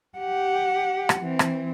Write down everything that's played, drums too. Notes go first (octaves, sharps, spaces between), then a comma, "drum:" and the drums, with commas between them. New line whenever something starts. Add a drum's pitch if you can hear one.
G4 F#5
drum: rim click
E3 C4
drum: rim click